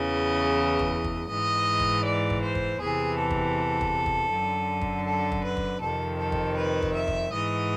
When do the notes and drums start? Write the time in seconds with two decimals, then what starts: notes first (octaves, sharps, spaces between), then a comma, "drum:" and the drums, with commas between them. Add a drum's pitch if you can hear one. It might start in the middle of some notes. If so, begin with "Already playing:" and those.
Already playing: E2 C#3 E3 D#5
0.79 drum: kick
1.04 drum: kick
1.29 G#2 E3 D#5
1.80 drum: kick
2.05 D5
2.30 drum: kick
2.42 C5
2.55 drum: kick
2.80 E2 C3 E3 G#4
3.18 A4
3.31 drum: kick
3.81 drum: kick
4.06 drum: kick
4.32 F#2 D3
4.81 drum: kick
5.07 A4
5.32 drum: kick
5.44 B4
5.57 drum: kick
5.81 F2 C3 D#3 A4
6.19 A4
6.32 drum: kick
6.57 B4
6.82 drum: kick
6.95 E5
7.08 drum: kick
7.33 G#2 E3 D#5